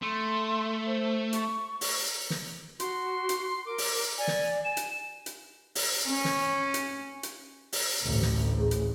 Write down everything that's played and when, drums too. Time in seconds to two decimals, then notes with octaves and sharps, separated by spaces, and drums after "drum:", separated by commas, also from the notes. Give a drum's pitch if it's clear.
0.02 A3 C6
0.87 C5
1.33 C#6, drum: hi-hat
1.81 drum: open hi-hat
2.30 drum: snare
2.80 F#4 C6, drum: hi-hat
3.29 drum: hi-hat
3.66 A#4 D6
3.78 drum: open hi-hat
4.18 D5 G#5
4.27 drum: snare
4.65 G#5 E7
4.77 drum: hi-hat
5.26 drum: hi-hat
5.75 drum: open hi-hat
6.09 C#4
6.25 drum: snare
6.74 drum: hi-hat
7.23 drum: hi-hat
7.72 drum: open hi-hat
8.03 A1 D2
8.22 drum: snare
8.59 G#4
8.71 drum: hi-hat